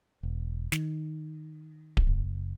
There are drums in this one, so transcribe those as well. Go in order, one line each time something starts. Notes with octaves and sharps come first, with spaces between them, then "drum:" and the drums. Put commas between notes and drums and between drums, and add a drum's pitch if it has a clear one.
E1
D#3, drum: snare
drum: kick D1
F#1